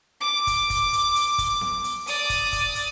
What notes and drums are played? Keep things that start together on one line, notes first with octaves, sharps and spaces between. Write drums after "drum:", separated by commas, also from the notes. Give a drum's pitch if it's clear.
D6
drum: kick, hi-hat
drum: kick, hi-hat
drum: hi-hat
drum: hi-hat
drum: kick, hi-hat
drum: snare B3
drum: hi-hat
D5 D#6, drum: hi-hat
drum: kick, hi-hat
drum: kick, hi-hat
drum: hi-hat